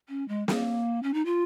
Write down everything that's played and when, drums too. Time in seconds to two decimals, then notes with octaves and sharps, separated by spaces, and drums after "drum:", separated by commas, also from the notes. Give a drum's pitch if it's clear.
0.09 C#4
0.28 G#3
0.48 A#3, drum: snare
1.03 C#4
1.14 D#4
1.26 F4